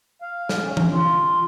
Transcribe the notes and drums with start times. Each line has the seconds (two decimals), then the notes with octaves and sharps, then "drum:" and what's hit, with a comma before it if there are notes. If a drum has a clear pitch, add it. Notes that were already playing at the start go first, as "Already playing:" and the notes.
0.22 F5
0.49 drum: snare
0.63 C#4
0.77 drum: tom E3
0.91 F4